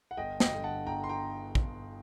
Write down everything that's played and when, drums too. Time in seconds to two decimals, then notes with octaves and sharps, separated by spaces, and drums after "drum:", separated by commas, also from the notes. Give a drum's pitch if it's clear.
0.11 F#5
0.17 G1 D#5 G5
0.40 D#5 G5, drum: snare
0.52 G2 D3
0.64 F#5 A5
0.86 G1 G5 A#5
1.04 C6
1.09 G5 A#5
1.55 drum: kick A#1